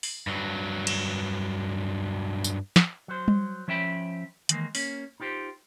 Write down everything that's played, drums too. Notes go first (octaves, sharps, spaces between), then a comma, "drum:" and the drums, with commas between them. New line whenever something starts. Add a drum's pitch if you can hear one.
drum: open hi-hat
G2 F#3
drum: cymbal
drum: tambourine
drum: snare
F#3 C5
drum: tom G3
F3 C#4 E5 G5 B5
D#3 E3 G#3 A#3, drum: hi-hat
A#3 C#4, drum: open hi-hat
D#4 F4 G4 C5